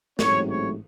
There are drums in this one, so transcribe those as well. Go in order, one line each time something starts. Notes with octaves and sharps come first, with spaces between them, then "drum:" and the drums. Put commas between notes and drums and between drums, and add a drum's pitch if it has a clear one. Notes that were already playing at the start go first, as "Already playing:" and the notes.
A1 G#2 F#3 A3 C4 C#5, drum: snare
C#5